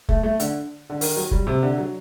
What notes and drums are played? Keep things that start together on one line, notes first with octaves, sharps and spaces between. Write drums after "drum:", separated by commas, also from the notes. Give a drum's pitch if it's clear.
A3, drum: kick
A3
D3, drum: hi-hat
D3
D#3, drum: open hi-hat
F#3
G3, drum: kick
C3
D3
F#3